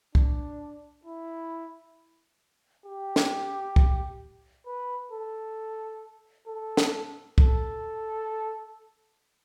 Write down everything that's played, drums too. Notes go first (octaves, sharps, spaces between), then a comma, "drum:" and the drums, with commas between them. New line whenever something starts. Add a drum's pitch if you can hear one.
D4, drum: kick C2
E4
G4
drum: snare
drum: kick C2
B4
A4
A4
drum: snare
A4, drum: kick C2